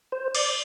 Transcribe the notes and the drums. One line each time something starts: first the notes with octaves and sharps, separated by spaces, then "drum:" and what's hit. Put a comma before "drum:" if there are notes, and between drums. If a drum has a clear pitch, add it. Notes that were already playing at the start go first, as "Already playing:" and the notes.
C5
D5, drum: cymbal